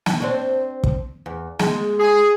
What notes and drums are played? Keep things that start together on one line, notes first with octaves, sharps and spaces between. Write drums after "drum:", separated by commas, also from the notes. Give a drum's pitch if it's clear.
drum: snare
C4 D4 C#5
drum: kick
E2
G#3, drum: snare
G#4